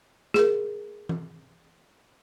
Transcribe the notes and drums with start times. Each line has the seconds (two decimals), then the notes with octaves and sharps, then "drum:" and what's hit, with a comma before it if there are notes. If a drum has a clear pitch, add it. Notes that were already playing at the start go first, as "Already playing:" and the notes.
0.34 G#4 A#4, drum: snare
1.09 drum: tom E3